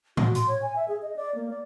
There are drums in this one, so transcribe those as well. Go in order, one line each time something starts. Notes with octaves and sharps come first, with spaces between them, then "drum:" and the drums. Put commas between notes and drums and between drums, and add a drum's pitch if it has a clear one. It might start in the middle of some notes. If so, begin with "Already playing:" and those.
F#4, drum: tom A2
C6, drum: hi-hat
C#5
G#5
E5
G#4
D#5
D5
A#3
D5